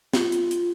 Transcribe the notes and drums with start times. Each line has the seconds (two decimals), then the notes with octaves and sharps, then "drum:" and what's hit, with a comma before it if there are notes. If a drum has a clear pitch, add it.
0.13 F4, drum: snare
0.32 drum: hi-hat
0.51 drum: hi-hat